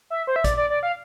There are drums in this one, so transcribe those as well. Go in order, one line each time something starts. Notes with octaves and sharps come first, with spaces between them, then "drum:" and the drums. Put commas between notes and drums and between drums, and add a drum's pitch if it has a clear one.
E5
C5
E5
D5, drum: kick, hi-hat
D5
D5
F5